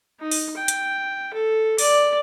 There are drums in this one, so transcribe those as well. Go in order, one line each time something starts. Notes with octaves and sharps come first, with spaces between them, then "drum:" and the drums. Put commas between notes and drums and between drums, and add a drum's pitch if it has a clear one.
D#4
drum: open hi-hat
G5
drum: hi-hat
A4
D5, drum: open hi-hat